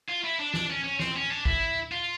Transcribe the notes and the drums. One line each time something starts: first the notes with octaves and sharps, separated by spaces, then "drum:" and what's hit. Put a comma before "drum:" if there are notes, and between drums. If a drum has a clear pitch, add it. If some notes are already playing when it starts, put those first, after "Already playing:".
F4
E4
D4
D4, drum: snare
C#4
C#4
C4, drum: snare
C#4
D4
E4, drum: kick
F4